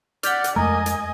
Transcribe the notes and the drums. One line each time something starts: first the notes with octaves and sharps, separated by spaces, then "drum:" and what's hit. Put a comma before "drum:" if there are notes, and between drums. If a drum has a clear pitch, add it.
D5 F#5 F6 G6 B6, drum: hi-hat
drum: hi-hat
F2 G#3 A3 A#4 D#5 G#5
drum: hi-hat